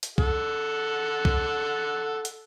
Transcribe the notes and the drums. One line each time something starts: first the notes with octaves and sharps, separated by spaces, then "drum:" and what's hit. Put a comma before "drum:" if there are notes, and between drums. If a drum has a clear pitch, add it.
drum: hi-hat
A4 F#5, drum: kick C2
drum: kick C2
drum: hi-hat